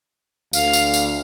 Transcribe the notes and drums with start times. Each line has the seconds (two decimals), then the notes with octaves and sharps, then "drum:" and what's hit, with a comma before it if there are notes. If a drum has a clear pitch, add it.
0.53 D2 F5, drum: tambourine
0.73 drum: tambourine
0.94 drum: tambourine